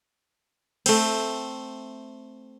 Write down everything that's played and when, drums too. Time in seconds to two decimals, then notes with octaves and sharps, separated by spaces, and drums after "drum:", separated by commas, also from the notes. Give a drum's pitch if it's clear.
0.86 A3 C4, drum: cymbal